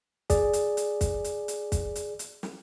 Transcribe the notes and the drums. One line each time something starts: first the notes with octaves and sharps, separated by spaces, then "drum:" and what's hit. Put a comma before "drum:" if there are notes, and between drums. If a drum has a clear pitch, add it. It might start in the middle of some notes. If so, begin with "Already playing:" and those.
G#4 D5, drum: kick, hi-hat
drum: hi-hat
drum: hi-hat
drum: kick, hi-hat
drum: hi-hat
drum: hi-hat
drum: kick, hi-hat
drum: hi-hat
drum: hi-hat
drum: snare